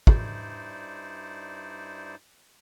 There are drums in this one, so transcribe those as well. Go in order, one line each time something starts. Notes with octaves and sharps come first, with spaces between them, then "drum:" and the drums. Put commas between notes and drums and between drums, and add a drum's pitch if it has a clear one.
G2 D#4 E4 C5 D5, drum: kick